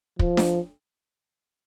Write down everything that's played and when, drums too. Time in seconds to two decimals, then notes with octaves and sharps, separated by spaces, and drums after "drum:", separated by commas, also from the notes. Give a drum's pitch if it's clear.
0.19 F3, drum: kick
0.37 drum: snare D4